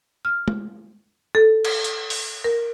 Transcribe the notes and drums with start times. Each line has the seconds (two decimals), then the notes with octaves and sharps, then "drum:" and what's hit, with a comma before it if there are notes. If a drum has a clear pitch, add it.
0.25 F6
0.48 drum: tom G#3
1.35 A4
1.65 drum: cymbal
1.84 drum: hi-hat
2.10 drum: open hi-hat
2.44 A#4